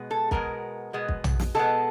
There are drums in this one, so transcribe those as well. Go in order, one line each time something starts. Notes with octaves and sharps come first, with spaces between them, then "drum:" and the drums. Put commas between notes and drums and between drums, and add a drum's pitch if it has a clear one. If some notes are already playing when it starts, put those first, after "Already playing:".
Already playing: B2 G#3 B3
A4
B2 G#3 B3 A#4, drum: kick
B2 G#3 B3
drum: kick
drum: tom
drum: snare
B2 G#3 B3 A4